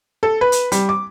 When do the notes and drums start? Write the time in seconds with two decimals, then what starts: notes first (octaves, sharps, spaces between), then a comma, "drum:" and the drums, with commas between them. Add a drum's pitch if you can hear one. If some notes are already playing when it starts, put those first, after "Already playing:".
0.23 A4
0.41 B4
0.52 drum: hi-hat
0.72 G3, drum: hi-hat
0.89 D6